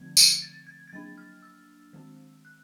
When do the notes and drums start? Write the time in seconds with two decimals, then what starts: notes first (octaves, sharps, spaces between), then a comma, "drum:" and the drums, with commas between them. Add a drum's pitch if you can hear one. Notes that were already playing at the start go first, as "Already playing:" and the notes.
Already playing: D3 F3 A3 C4 G#6
0.17 G#6, drum: tambourine
0.42 A6
0.67 G#6
0.88 G#6
0.92 F#3 A#3 D4 A6
1.18 F6
1.43 E6
1.93 D#3 G#3 C4
2.45 F#6